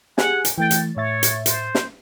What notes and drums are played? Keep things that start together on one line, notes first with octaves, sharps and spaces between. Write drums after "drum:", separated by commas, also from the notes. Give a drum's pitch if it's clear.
G4 G#4 F#5 G#5, drum: snare
drum: hi-hat
E3 A3 G5 A6
drum: hi-hat
A2 C#5 E5 A6
drum: hi-hat
C5, drum: hi-hat
drum: snare